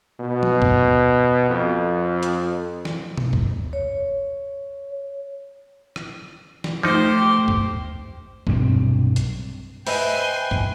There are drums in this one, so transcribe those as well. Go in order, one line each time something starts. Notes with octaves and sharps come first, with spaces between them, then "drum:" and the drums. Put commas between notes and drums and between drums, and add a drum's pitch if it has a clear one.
B2
drum: tom
drum: kick C#2
F2
drum: hi-hat
drum: snare
drum: tom
drum: kick C#2
C#5
drum: rim click
drum: snare
F3 A3 D#4 G4 C5 D6
drum: kick C#2
B1 G2 C3 C4, drum: kick C#2
drum: hi-hat
B4 C5 D#5 E5 G5 G#5 C6, drum: open hi-hat
drum: kick C#2